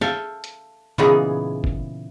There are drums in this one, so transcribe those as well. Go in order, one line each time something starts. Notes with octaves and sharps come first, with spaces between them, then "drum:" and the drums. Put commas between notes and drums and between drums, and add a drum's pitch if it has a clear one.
A4 E5 F5 G5, drum: snare
drum: hi-hat
A#2 C#3 E3 B3 D#4 G#4, drum: tom A#2
drum: kick F#1